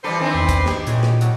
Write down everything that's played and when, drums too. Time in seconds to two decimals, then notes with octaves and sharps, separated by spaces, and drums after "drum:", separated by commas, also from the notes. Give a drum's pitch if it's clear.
0.04 E3 G3 A4 B4 C5 D5
0.19 D#3 C4 D4
0.34 E2
0.49 drum: kick, hi-hat
0.66 D#3 G4, drum: snare
0.87 A#2 C#3 E3 G#3, drum: hi-hat
1.03 drum: snare
1.21 B2 F#3 A3, drum: hi-hat